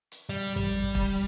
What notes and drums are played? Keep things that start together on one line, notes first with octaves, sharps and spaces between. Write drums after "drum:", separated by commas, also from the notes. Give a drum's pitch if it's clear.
drum: hi-hat
G3
G3, drum: tom A1
drum: kick